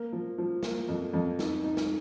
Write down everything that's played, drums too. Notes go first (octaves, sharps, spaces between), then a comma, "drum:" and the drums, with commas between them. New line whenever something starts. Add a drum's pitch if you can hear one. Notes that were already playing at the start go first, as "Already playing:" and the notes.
Already playing: A#3
F3
F3
A#3, drum: snare
F2
F2
D#4, drum: snare
D#4
drum: snare